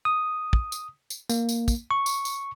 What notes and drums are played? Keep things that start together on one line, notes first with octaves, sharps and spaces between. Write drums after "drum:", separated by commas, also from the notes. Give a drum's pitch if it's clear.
D#6
drum: kick
drum: tambourine
drum: tambourine
A#3, drum: tambourine
drum: tambourine
drum: kick, tambourine
C#6
drum: tambourine
drum: tambourine